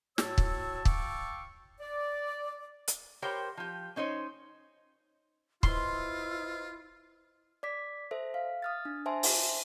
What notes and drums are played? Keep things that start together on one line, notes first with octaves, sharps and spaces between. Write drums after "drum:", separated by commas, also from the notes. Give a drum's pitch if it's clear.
A2 F#4 C#5 A5 E6, drum: snare
drum: kick
F5 G5 A5 C#6 D6 E6, drum: kick
D5
drum: hi-hat
G4 A#4 C5 C#5 G5
F3 G4
C#4 D#4 C5 C#5
E4 F4 B4 C5 D#5 C6, drum: kick
D5 D6 B6
A4 C5 E5
F5
D#6 F6 A6
D4
C5 E5 G#5 A5 C6
drum: open hi-hat